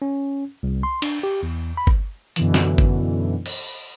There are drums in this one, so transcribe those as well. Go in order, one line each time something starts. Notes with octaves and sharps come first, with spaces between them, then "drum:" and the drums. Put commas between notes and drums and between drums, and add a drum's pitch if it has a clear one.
C#4
C2
C6
D4, drum: cymbal
G4
E2
B5
drum: kick G1
F#2 B2 D3 E3, drum: hi-hat
drum: snare
drum: kick G1
drum: cymbal